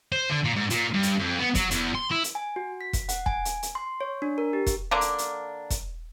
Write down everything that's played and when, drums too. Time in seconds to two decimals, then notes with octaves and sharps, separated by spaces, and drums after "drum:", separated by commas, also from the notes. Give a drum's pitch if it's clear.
0.12 C5
0.30 D3
0.44 A#2
0.56 G#2
0.70 A#2, drum: hi-hat
0.94 G2
1.03 drum: hi-hat
1.19 F2
1.39 B3
1.55 F#3, drum: kick, hi-hat
1.71 E2, drum: hi-hat
1.95 C6
2.11 E4
2.24 drum: hi-hat
2.35 G#5
2.56 F#4
2.81 B6
2.93 drum: kick, hi-hat
3.09 F#5, drum: hi-hat
3.26 G#5, drum: kick
3.45 drum: hi-hat
3.63 drum: hi-hat
3.75 C6
4.01 C#5
4.22 D4
4.38 A#4
4.53 G4
4.66 drum: kick, hi-hat
4.91 D3 A#3 D4
5.01 drum: hi-hat
5.18 drum: hi-hat
5.70 drum: kick, hi-hat